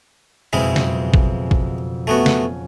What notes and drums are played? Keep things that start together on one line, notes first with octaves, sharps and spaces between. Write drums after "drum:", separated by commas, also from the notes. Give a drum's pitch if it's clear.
F#1 F2 B2 G#3 C4 E4
drum: snare
drum: kick A1
drum: kick A1
A3 B3 C#4 F#4
drum: snare